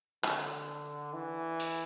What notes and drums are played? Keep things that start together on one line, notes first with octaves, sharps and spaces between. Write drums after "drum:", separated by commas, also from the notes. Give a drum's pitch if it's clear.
D3, drum: clap
E3
drum: open hi-hat